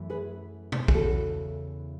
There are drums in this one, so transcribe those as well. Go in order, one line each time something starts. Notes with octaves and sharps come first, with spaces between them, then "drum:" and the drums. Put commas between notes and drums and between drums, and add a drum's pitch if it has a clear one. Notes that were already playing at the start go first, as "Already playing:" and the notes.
Already playing: F#2 E3 A3
G#4 B4
drum: tom B2
G#4, drum: kick
E2 C#3 E3 F#4 A4